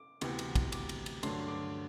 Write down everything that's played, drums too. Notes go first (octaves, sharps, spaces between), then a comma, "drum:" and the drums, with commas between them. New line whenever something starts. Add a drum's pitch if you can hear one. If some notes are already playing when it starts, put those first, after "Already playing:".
Already playing: D6
D2 C3 E3 B3, drum: cymbal
drum: cymbal
drum: kick, cymbal
D6, drum: cymbal
drum: cymbal
drum: cymbal
G2 D3 F#3 A3 D4 C6, drum: cymbal
D6